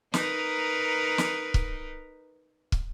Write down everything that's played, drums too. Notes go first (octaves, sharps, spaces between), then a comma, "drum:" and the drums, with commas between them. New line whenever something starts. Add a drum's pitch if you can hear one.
D#4 A#4 B4, drum: snare
drum: snare
drum: kick
drum: kick